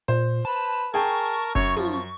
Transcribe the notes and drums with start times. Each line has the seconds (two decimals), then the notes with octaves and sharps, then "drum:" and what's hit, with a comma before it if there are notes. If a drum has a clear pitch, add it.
0.08 A#2 C5
0.45 B4 A5
0.94 G#4 A#4 G5 A5 C#6
1.55 F#2 C#5, drum: kick F1
1.76 F3, drum: tom